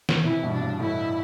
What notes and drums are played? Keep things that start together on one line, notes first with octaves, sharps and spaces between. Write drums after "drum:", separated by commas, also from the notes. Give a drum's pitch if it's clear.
drum: snare
C3 E3 E4
G2 B2
D4
G2
A2 E4